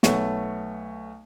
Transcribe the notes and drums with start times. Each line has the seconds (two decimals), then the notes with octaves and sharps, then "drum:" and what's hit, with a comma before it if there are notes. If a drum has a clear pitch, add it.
0.03 B1 A3 B3 C#5 C#6, drum: snare